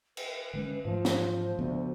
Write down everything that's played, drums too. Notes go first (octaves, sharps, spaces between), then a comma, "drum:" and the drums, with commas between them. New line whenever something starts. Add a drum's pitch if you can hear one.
B4, drum: cymbal
D3 G#3 C#4
G#2 E3 F3 A3 C5
drum: snare
D2 C#3 F3 B3